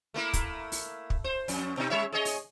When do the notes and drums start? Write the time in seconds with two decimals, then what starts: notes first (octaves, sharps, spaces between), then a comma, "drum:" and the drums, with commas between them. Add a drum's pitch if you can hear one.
0.14 A3 A#3 E4
0.33 drum: kick, hi-hat
0.72 drum: open hi-hat
1.10 drum: kick
1.24 C5
1.48 F2, drum: open hi-hat
1.77 B2 D#4
1.90 G3 C#5 E5
2.12 G#4 C#5 D#5
2.25 drum: open hi-hat